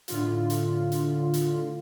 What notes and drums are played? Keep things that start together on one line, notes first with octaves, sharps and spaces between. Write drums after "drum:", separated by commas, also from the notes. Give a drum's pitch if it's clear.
A2 D3 F4, drum: hi-hat
drum: hi-hat
drum: hi-hat
drum: hi-hat